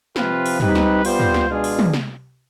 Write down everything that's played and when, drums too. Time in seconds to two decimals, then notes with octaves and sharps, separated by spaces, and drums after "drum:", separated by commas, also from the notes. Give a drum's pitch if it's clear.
0.16 C3 F3 C4 F4 B4, drum: snare
0.46 drum: open hi-hat
0.60 G3 C4 D#4 G4 B4, drum: tom
0.75 drum: snare
1.05 G3 B3 F4 C5, drum: open hi-hat
1.20 drum: tom
1.34 drum: snare
1.49 B2 G#3 D4 F4 G#4
1.64 drum: open hi-hat
1.79 drum: tom
1.94 drum: snare